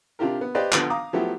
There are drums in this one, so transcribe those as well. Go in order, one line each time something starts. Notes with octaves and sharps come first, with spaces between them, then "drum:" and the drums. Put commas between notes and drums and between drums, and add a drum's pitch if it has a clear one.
C3 D4 F4 G4 A#4
B3
G4 B4 C5 D5 D#5 F5
D3 F3 B3 D4, drum: clap
F5 A#5 D6 D#6
F3 F#3 A3 B3 E4 G4